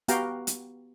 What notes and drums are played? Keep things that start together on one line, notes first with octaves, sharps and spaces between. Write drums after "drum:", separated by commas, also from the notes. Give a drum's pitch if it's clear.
B3 F#4 G4 F5 G5 A#5, drum: hi-hat
drum: hi-hat